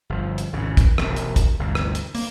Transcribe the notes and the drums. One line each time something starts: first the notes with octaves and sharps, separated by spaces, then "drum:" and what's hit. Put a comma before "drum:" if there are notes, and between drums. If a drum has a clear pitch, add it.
G1 F3
drum: hi-hat
G#1 E2 C#3
drum: kick, hi-hat
E1 A#1 D#2 C3, drum: rim click
drum: hi-hat
drum: kick, hi-hat
G1 D2 C3
drum: rim click
drum: hi-hat
A#3, drum: open hi-hat